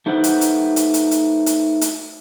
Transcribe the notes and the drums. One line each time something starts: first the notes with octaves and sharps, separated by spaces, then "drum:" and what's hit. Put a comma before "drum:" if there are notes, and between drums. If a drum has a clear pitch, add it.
A3 D#4 G4 B4 C5 F#5
drum: hi-hat
drum: hi-hat
drum: hi-hat
drum: hi-hat
drum: hi-hat
drum: hi-hat
drum: hi-hat